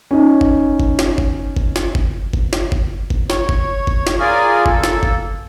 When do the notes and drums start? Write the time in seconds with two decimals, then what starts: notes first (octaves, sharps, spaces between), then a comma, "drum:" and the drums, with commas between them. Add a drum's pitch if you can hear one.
0.11 C#4 D#4
0.41 drum: kick G1
0.80 drum: kick G1
0.99 drum: snare
1.18 drum: kick G1
1.57 drum: kick G1
1.76 drum: snare
1.95 drum: kick G1
2.33 drum: kick G1
2.53 drum: snare
2.72 drum: kick G1
3.10 drum: kick G1
3.30 C#5, drum: snare
3.49 drum: kick G1
3.87 drum: kick G1
4.07 drum: snare
4.19 F4 G#4 A#4 D5 G#5
4.66 A#3 A4, drum: kick G1
4.84 drum: snare
5.03 drum: kick G1